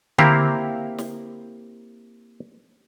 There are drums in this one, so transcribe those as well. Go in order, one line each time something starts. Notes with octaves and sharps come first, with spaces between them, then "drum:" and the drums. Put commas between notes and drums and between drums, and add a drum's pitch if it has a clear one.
A#3 C4 E4 G4 F5 A#5, drum: tom D3
drum: snare